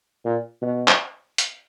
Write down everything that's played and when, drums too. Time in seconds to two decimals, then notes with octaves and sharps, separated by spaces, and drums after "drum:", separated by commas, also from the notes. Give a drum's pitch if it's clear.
0.25 A#2
0.62 B2
0.88 drum: clap
1.38 drum: hi-hat